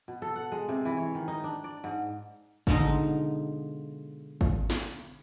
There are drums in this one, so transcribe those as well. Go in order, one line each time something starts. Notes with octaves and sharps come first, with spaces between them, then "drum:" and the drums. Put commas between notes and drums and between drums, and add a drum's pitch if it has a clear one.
B2
A4
F#5
G#3
C3
E3
C#5
D#3
D#4
D4
D5
G#2
B2 D3 F3 G#3 D#4, drum: kick G#1
drum: kick G#1
drum: snare